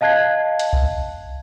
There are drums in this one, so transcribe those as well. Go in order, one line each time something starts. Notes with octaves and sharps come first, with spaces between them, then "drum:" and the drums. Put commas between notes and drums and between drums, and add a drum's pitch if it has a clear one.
D#5 F5 A5 F#6 G#6 C7
drum: hi-hat
drum: kick C2